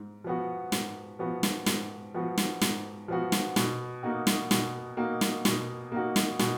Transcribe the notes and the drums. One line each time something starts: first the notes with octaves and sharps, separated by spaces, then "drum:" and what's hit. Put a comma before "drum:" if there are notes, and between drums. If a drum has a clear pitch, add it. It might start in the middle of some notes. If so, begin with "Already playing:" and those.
Already playing: G#2
F3 B3 F#4
G#2, drum: snare
F3 B3 F#4
drum: snare
G#2, drum: snare
F3 B3 F#4
drum: snare
G#2, drum: snare
F3 B3 F#4
drum: snare
B2, drum: snare
A#3 D#4 F#4
drum: snare
B2, drum: snare
A#3 D#4 F#4
drum: snare
B2, drum: snare
A#3 D#4 F#4
drum: snare
B2, drum: snare